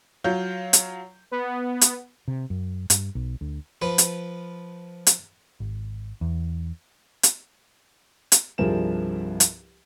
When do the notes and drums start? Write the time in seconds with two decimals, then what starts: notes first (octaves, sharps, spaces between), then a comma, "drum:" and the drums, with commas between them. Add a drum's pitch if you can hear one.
0.24 F#3 F4 G6
0.73 drum: hi-hat
1.31 B3
1.81 drum: hi-hat
2.28 C3
2.50 F#2
2.90 G2, drum: hi-hat
3.15 B1
3.41 D2
3.82 F3 B4
3.98 drum: hi-hat
5.07 drum: hi-hat
5.60 G#1
6.21 E2
7.23 drum: hi-hat
8.32 drum: hi-hat
8.58 C2 G2 F3 G#4 A#4 E7
9.40 drum: hi-hat